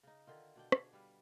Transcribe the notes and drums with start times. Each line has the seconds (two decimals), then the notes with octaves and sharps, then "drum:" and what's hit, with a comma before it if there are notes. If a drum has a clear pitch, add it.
0.03 C#3 D#4
0.27 D3 D#3 F4
0.56 B2 D4 G5
0.72 G#4 D5, drum: rim click
0.93 G3 B4 F5